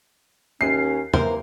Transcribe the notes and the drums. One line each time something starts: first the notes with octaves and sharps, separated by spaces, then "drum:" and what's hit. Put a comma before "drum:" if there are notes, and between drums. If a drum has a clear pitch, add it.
D#2 C#4 C7
C3 E3 A#3 A#4 C5, drum: tom